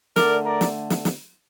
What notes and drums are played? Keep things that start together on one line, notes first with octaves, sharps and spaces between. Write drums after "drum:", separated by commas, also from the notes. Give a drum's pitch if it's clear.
D3 A3 A#4 D5, drum: snare
A#4 D5
drum: snare
drum: snare
drum: snare